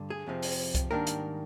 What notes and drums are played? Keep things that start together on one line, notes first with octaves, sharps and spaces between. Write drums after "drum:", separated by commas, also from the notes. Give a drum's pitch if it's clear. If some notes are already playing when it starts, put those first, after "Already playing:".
Already playing: G2 D3
G#4
F2 C3 F3 C4
drum: open hi-hat
drum: kick C2, hi-hat
G#2 D#3 G3 A#3 D4 A#4
drum: hi-hat